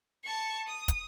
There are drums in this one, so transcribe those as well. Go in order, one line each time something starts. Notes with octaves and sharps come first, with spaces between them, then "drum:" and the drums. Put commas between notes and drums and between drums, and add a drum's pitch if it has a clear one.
A5 C#6
D#6
drum: kick, hi-hat